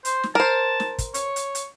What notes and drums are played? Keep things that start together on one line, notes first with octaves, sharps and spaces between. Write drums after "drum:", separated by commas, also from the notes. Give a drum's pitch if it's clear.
C5, drum: hi-hat
drum: snare
A#4 C5 A5
drum: snare
drum: kick, hi-hat
C#5, drum: hi-hat
drum: hi-hat
drum: hi-hat